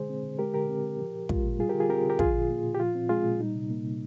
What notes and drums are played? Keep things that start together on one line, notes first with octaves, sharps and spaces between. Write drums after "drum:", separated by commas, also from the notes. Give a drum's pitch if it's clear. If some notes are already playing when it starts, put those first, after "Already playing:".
Already playing: D3 G#3 G#4 C5
C4
D3
G#3 G4 A#4
D3 G4 A#4
C4
D3
F3
A#2
G#3 F4, drum: kick
A#2
G3 F4 G#4
G4 A#4
D3
F4 G#4
C4 G4 A#4
D3 G4 A#4
F3 F4 G#4, drum: kick
A#2
A#3
A#2
G4
F3 F4
C4
G#3 F4 G#4
A#2
G3 D#4
C3
A#3
C3